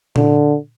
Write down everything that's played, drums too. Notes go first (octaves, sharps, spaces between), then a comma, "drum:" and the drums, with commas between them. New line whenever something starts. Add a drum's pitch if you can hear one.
D3, drum: tom A#2